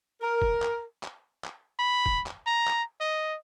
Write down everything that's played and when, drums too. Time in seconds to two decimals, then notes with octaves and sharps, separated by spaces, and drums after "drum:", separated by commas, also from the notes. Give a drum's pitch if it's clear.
0.21 A#4
0.42 drum: kick
0.62 drum: clap
1.03 drum: clap
1.44 drum: clap
1.79 B5
2.06 drum: kick
2.26 drum: clap
2.46 A#5
2.67 drum: clap
3.01 D#5